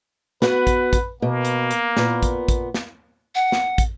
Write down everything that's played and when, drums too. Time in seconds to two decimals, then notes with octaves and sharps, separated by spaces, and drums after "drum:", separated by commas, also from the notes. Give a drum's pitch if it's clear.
0.42 B3 F#4 B4 F#5, drum: snare
0.67 drum: kick, hi-hat
0.93 drum: kick, hi-hat
1.22 B2 A#3
1.45 drum: hi-hat
1.71 drum: hi-hat
1.97 A#2 B3, drum: snare
2.23 drum: kick, hi-hat
2.48 drum: kick, hi-hat
2.74 drum: snare
3.35 F#5
3.52 drum: snare
3.78 drum: kick, hi-hat